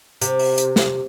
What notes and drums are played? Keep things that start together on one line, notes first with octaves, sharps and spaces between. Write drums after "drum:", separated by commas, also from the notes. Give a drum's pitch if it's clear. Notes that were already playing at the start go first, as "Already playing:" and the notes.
C3, drum: hi-hat
drum: open hi-hat
drum: hi-hat
drum: snare